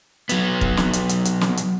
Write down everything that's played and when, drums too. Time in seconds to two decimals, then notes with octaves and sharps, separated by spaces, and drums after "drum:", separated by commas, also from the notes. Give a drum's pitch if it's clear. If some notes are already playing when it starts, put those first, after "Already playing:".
0.29 F#3 B3, drum: hi-hat
0.61 drum: kick
0.77 drum: snare
0.93 drum: hi-hat
1.09 drum: hi-hat
1.25 drum: hi-hat
1.41 drum: snare
1.57 drum: hi-hat